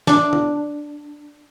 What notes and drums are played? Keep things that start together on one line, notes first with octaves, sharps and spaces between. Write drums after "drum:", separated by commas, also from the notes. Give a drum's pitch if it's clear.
D4, drum: snare
drum: tom